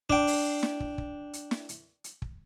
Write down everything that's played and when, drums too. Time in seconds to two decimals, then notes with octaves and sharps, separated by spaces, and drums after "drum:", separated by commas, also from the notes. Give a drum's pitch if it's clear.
0.10 D4 G5, drum: kick
0.27 drum: open hi-hat
0.63 drum: snare
0.80 drum: kick
0.98 drum: kick
1.33 drum: hi-hat
1.51 drum: snare
1.69 drum: hi-hat
2.04 drum: hi-hat
2.22 drum: kick